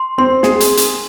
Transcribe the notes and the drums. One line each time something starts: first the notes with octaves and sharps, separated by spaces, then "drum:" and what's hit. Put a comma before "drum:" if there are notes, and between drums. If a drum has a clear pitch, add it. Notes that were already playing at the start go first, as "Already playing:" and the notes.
Already playing: C6
C4 C6
G#4, drum: snare
drum: hi-hat
drum: hi-hat